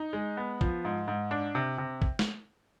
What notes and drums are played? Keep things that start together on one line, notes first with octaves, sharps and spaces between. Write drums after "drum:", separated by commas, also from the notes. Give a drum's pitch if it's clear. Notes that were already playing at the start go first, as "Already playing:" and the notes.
Already playing: D#4
G#3
B3
F3, drum: kick
G#2
G#2
D4
C3
C3
drum: kick
drum: snare